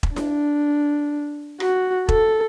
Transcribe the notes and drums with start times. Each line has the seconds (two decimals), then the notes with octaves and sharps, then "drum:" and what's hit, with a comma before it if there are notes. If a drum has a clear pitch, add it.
0.03 drum: kick E1
0.16 D4, drum: snare E4
1.60 F#4, drum: rim click
2.09 A4, drum: kick E1